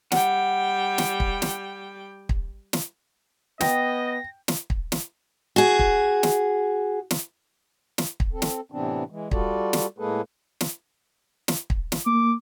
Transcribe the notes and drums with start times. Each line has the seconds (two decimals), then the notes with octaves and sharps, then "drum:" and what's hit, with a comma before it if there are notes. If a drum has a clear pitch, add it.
0.12 G3 F#5 G5, drum: snare
0.98 drum: snare
1.20 drum: kick
1.42 drum: snare
2.29 drum: kick
2.73 drum: snare
3.61 B3 D#5 G5 A#6, drum: snare
4.48 drum: snare
4.70 drum: kick
4.92 drum: snare
5.56 F#4 G#4
5.79 drum: kick
6.23 drum: snare
7.11 drum: snare
7.98 drum: snare
8.20 drum: kick
8.32 C4 A4
8.42 drum: snare
8.72 A2 C3 E3 B3 C4 D4
9.10 E3 G#3
9.31 G3 F4 F#4 A4 D5, drum: kick
9.73 drum: snare
9.98 A2 G#3 A#3 G#4 A4 B4
10.61 drum: snare
11.48 drum: snare
11.70 drum: kick
11.92 drum: snare
12.06 A#3 D6